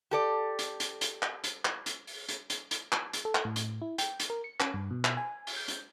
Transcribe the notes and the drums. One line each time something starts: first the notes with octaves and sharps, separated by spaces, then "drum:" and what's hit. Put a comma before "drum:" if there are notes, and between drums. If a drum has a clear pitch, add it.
G4 A4 D5
drum: hi-hat
drum: hi-hat
drum: hi-hat
drum: clap
drum: hi-hat
drum: clap
drum: hi-hat
drum: open hi-hat
drum: hi-hat
drum: hi-hat
drum: hi-hat
drum: clap
drum: hi-hat
A4
drum: clap
A2
drum: hi-hat
E4
G5, drum: hi-hat
drum: hi-hat
A#4
C#7
C#4, drum: clap
G2
B2
drum: clap
G#5
drum: open hi-hat
G6
drum: hi-hat